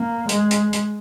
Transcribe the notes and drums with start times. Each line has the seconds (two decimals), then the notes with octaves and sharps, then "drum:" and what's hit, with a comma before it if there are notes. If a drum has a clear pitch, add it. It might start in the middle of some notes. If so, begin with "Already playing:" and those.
Already playing: A#3
0.29 G#3, drum: hi-hat
0.51 drum: hi-hat
0.73 drum: hi-hat